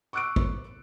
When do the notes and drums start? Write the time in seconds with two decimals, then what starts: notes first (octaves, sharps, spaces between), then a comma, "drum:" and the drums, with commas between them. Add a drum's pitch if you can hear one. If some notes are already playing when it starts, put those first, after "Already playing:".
0.13 C#6 D6 E6 F#6 C#7 D7
0.36 drum: kick